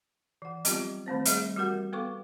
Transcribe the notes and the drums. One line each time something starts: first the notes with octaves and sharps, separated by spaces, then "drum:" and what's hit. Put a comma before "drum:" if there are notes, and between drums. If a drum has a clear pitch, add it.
E3 F#5
F#3 G3 B3 C4 F4 G4, drum: hi-hat
D#3 A3 C4 C5
G3 A3 G#4 D#5 E5, drum: hi-hat
E3 G3 F#4 G4 A#4 F#5
B3 A4 B4 F5 C#6 D6